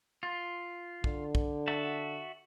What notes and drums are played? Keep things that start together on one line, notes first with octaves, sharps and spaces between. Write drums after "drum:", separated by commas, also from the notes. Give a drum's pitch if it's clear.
F4
D3, drum: kick
drum: kick
F#4 E5 A5